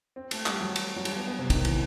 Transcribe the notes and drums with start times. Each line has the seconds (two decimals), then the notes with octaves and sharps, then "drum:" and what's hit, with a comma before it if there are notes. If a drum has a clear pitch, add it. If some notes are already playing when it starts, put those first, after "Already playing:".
0.16 C4
0.31 A3, drum: cymbal
0.46 G3, drum: clap
0.61 F#3
0.76 drum: cymbal
0.96 F#3
1.05 G3, drum: cymbal
1.16 B3
1.27 B3
1.39 C3
1.50 D#3, drum: kick, cymbal
1.65 E3, drum: cymbal